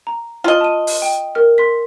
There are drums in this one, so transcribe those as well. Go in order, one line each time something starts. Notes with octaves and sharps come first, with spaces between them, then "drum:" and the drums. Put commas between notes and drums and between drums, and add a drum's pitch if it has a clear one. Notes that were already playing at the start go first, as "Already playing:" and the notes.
A#5
F4 D#5
A5 D#7
drum: open hi-hat
G5
A#4 F6
C6 B6